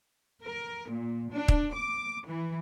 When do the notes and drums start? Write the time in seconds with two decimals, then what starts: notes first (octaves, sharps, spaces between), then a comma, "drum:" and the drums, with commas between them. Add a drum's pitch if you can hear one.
0.42 A#4
0.89 A#2
1.31 D4
1.48 drum: kick
1.72 D6
2.25 E3